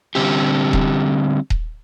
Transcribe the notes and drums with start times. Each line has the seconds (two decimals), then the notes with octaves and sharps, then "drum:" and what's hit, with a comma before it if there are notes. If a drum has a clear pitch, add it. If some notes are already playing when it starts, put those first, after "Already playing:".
0.15 D3 G3 C4 G4
0.73 drum: kick D#1
1.50 drum: kick D#1